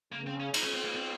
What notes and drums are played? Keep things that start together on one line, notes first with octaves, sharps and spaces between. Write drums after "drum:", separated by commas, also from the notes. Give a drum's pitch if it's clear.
C#3 A#3
C4
C#4
D#4, drum: cymbal
C#4
C4
A#3
C4